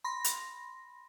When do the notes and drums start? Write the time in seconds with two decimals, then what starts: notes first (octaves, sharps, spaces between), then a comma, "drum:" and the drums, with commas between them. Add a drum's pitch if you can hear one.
0.04 B5 C6 A#6
0.24 drum: hi-hat